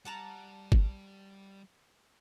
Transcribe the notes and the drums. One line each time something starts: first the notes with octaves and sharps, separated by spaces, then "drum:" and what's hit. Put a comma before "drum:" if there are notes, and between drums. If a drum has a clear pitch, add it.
G3 F#5 A5 A#5
drum: kick